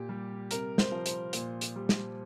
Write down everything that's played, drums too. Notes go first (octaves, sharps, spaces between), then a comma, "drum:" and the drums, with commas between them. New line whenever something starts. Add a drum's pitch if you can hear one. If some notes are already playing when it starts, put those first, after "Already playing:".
Already playing: A#2 G4
G3
C3 A#4, drum: hi-hat
C5, drum: snare
F3
C5, drum: hi-hat
A#2, drum: hi-hat
drum: hi-hat
G3
drum: snare